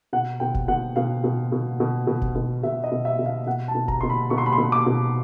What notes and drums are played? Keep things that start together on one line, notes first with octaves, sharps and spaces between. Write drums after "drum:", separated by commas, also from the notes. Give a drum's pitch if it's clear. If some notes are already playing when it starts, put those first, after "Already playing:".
B2 F#5
B2 G5
drum: kick
B2 F#5
B2 F5
B2
B2
B2
B2
drum: kick
B2
B2 E5
D#5
B2
E5
B2
F5
B2 F#5
A5
B2
A#5, drum: kick
B2 C6
B5
B2 C#6
C6
B5
C6
B2
D6
B2